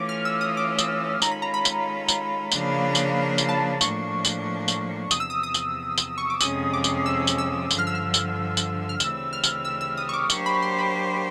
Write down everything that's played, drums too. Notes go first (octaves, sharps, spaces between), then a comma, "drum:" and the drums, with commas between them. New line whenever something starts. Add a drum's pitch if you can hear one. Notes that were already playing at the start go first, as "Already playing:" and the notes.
Already playing: E3 A3 C#4 F4 D6
F6
E6
D#6
D6
E6, drum: tambourine
D#3 G#3 C#4 F4 A4 A#5, drum: tambourine
B5
A#5
B5
drum: tambourine
drum: tambourine
C#3 F3 A#3 D4 F4, drum: tambourine
drum: tambourine
drum: tambourine
A5
A2 F3 A#3 D4 C#6, drum: tambourine
drum: tambourine
drum: tambourine
E2 C3 F3 D#6, drum: tambourine
E6
D#6
D#6
drum: tambourine
drum: tambourine
C#6
D6
F2 C3 F3 G#3 C#4 D#6, drum: tambourine
D6
drum: tambourine
E6
drum: tambourine
E6
G2 D3 F3, drum: tambourine
F6
E6
F6
drum: tambourine
drum: tambourine
F6
D2 C#3 E3 G3 C4 E6, drum: tambourine
F6
drum: tambourine
E6
E6
D#6
C#6
D6
F#3 A#3 D4 G4 C5 C#6, drum: tambourine
B5
C6
B5